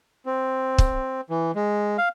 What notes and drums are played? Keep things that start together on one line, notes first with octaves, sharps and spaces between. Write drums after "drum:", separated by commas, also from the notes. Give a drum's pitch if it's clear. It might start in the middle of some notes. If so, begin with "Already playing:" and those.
C4
drum: kick
E3
G#3
F5